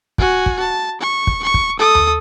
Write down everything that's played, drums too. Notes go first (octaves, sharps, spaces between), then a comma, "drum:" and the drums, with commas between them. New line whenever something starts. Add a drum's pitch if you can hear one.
F#4 G#5, drum: kick
drum: kick
A5
C#6
drum: kick
C#6
drum: kick
A4 D#6
drum: tom D#2